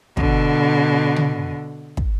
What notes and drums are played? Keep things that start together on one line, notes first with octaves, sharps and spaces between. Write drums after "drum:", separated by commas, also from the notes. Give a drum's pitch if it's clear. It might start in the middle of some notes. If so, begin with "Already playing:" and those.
B2 D3, drum: kick
drum: tom
drum: kick